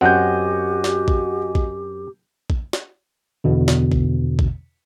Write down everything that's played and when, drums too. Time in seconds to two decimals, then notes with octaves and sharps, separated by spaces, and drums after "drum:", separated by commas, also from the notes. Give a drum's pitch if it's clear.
0.01 F#2 C4 F#4 G4 D#5 F#5 G#5 G6
0.84 drum: snare
1.08 drum: kick A#1
1.55 drum: kick A#1
2.50 drum: kick A#1
2.73 drum: snare
3.44 E2 B2 D3
3.68 drum: snare
3.92 drum: kick A#1
4.39 drum: kick A#1